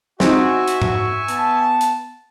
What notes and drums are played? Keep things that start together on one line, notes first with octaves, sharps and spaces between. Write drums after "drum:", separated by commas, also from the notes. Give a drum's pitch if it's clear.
C4 D#4 F#4 E5 G#5 C#6, drum: snare
drum: hi-hat
drum: tom G#2
B3 A5, drum: hi-hat
drum: hi-hat